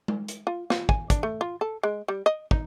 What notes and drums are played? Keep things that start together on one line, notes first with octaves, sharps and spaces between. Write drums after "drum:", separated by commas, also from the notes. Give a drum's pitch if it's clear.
drum: tom G#3
drum: hi-hat
F4
F4, drum: snare
G#5, drum: kick
D4, drum: kick, hi-hat
A3
F4
A4
G#3
G3
D#5
D#4, drum: kick